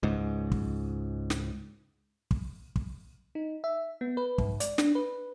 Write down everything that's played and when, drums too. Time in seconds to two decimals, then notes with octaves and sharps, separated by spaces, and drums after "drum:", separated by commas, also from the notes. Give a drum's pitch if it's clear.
0.03 C#2 G#2
0.52 drum: kick
1.30 drum: snare
2.31 drum: kick
2.76 drum: kick
3.35 D#4
3.64 E5
4.01 B3
4.17 B4
4.38 G#2, drum: kick
4.60 D5, drum: hi-hat
4.78 D4, drum: snare
4.95 B4